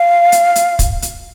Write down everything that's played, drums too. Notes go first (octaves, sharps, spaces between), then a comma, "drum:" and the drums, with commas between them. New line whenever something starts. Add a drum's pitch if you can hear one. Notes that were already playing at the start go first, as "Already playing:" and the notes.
Already playing: F5
drum: hi-hat
drum: hi-hat
drum: kick, hi-hat
drum: hi-hat